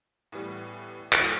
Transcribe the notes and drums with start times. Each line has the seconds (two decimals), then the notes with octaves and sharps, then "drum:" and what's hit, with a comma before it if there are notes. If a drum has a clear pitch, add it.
0.32 A2 E3 G3 B3
1.13 F#3 A3 E4, drum: clap